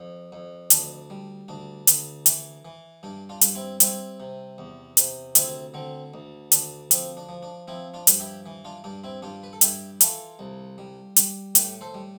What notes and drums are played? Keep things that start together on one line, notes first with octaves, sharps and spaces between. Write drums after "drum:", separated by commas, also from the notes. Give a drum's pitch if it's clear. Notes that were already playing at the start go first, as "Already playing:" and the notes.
Already playing: F2
F2
D2 D4, drum: hi-hat
G3
D2 D4
D2, drum: hi-hat
E3, drum: hi-hat
E3
G2 D4
D4 F4
G2, drum: hi-hat
C4 E4
G3 C4 E4, drum: hi-hat
C3
E2
C3, drum: hi-hat
D2 C4 E4, drum: hi-hat
D3 C4
D2
D2 D4, drum: hi-hat
F3 C4, drum: hi-hat
D4
F3
D4
F3 C4 E4
D4 F4
G2, drum: hi-hat
E4 G4
E3
D4 F4
G2 D4
C4 E4
G2 D4 F4
B4
A4
G2 E4 G4, drum: hi-hat
E3 F4 A4, drum: hi-hat
C2
G3
G3, drum: hi-hat
A2 G4 B4, drum: hi-hat
A4 C5
G3